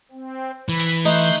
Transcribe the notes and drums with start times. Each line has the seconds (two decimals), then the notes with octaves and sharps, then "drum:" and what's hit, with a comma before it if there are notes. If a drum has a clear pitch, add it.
0.12 C4
0.69 E3 B5
0.80 drum: open hi-hat
1.05 A3 D#4 C6 F#6 G6, drum: cymbal